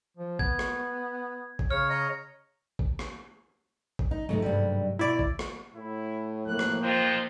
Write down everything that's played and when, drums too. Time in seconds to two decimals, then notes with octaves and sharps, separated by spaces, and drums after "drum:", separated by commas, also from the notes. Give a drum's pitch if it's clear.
0.17 F3
0.39 B3 G#6, drum: kick
0.59 drum: rim click
1.59 drum: kick
1.71 C#3 C#5 F6
1.89 C#5 D#5 A#5
2.79 drum: kick
2.99 drum: rim click
3.99 drum: kick
4.11 D#4
4.29 G#2 C3 F#3 A3 D#4 A4
4.42 G2 G3
4.99 B2 E4 D5
5.19 drum: kick
5.39 drum: rim click
5.75 A2 E4
6.47 F3 A#3 F#6
6.59 drum: rim click
6.82 F2 D#3 F4 C5 G5